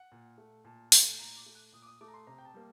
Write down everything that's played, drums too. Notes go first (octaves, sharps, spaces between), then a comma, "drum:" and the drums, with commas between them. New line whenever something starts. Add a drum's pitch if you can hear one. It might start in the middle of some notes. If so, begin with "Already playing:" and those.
Already playing: F#5
A#2
A3
A#2 A5
A3, drum: open hi-hat
A#2 A#5
D6
A3
F#6
A#2 D#6
D6
D#6
A3 D6
A#5
C6
C3 A#5
G5
A5
G3 A#3